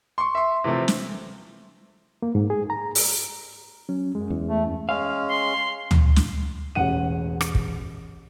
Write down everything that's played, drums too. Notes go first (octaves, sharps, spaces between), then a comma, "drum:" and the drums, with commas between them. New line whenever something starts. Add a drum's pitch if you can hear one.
C6 C#6
E5 C6
C3 E3 F3 A3 C4
drum: snare
A#3
G#2
G#4
A#5
drum: open hi-hat
F#3 C#4
F#2 G#3
E2
A3
F#2
G#3 C#4 F5
C6
drum: tom D2
drum: snare
E1 A1 F#5 D#7
drum: rim click
drum: kick